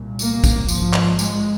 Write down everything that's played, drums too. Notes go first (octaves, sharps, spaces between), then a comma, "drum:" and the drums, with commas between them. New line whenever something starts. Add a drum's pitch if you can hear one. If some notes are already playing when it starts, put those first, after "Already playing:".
Already playing: C2 A#2
A#3, drum: tambourine
drum: kick, tambourine
G#1 G#2 F3, drum: tambourine
drum: clap
G#3, drum: tambourine